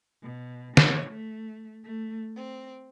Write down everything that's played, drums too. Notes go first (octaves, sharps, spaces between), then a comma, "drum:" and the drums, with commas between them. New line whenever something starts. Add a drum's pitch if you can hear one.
B2
C#5, drum: snare
A3
A3
C4